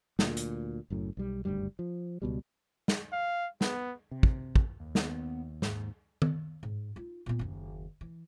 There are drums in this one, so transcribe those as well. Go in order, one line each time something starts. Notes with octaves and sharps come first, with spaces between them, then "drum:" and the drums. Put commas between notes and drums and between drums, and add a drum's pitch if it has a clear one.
D2 A#2, drum: snare
drum: hi-hat
F#1 F#2 A2
B1 G3
F#1 D2 G2 G3
F3
C#2 B2 G3
drum: snare
F5
B3, drum: snare
C3
drum: kick
drum: kick
D#2
D#2 B3, drum: snare
G#2, drum: snare
drum: tom D#3
G#2
D#4 F4
A#2 B3
F#1 D#2
E3